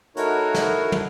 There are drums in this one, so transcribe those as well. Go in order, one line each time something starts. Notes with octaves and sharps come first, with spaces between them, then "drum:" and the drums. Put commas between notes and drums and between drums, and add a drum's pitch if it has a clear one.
A3 D#4 E4 F#4 A#4 C#5, drum: hi-hat
drum: snare
drum: tom